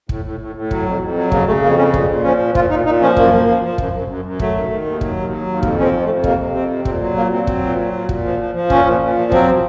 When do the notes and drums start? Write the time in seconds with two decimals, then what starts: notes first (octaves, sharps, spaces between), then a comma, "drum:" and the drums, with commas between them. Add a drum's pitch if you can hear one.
0.09 A2, drum: kick
0.25 A2
0.40 A2
0.55 A2
0.71 F#3, drum: kick
0.86 F2
1.01 F2
1.17 F#3
1.32 C#3 A#3, drum: kick
1.47 C#3 A3
1.63 F2 A#3
1.78 C#3 C#4
1.94 A#2, drum: kick
2.09 A#2
2.24 F3 C#4
2.40 A#2
2.55 A#2 F4, drum: kick
2.70 A#2 D#4
2.86 A#2 D#4
3.01 F3 C#4
3.17 F#2 A#3, drum: kick
3.32 F3
3.47 F3
3.62 F3
3.78 F#2, drum: kick
3.93 F#2
4.08 F#2
4.25 F#2
4.39 F#3 A3, drum: kick
4.55 D#3
4.70 D#3
4.85 D#2
5.01 F#3, drum: kick
5.16 D#2
5.32 F#3
5.47 D#2
5.63 F2 A#3, drum: kick
5.78 F3 C#4
5.84 C4
5.93 F2
6.04 A3
6.09 F2
6.24 C3 A#3, drum: kick
6.39 C3
6.54 F2 C4
6.70 C3
6.85 A#2 C4, drum: kick
7.01 F#3
7.17 A#2 A#3
7.32 F#3 C4
7.47 F#3, drum: kick
7.62 A#2
7.78 F#3
7.93 A#2
8.09 A#2, drum: kick
8.25 F3
8.39 F3
8.55 F3
8.70 A#2 C#4, drum: kick
8.85 A#2
9.01 A#2
9.17 F3
9.32 F#3 C4, drum: kick